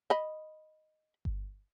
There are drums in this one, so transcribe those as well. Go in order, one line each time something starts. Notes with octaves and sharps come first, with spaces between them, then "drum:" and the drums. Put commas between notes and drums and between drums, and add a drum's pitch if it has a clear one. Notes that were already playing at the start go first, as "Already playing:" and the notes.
D#5 B5
drum: kick G1